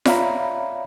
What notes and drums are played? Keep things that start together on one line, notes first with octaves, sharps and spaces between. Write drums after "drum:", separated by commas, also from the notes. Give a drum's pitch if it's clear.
C#5 D5 E5 F5 A#5 B5, drum: snare F4